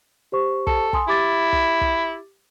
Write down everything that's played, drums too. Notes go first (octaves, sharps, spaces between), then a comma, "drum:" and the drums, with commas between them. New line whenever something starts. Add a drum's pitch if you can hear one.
G4 C5 C#6
A4, drum: kick
G#5 C6 D#6, drum: kick
E4 G4 D6 A6
drum: kick
drum: kick